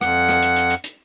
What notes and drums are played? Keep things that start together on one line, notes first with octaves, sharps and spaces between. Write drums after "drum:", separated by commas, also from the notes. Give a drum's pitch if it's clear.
F2 F#5, drum: rim click
drum: rim click
drum: hi-hat
drum: hi-hat
drum: hi-hat
drum: hi-hat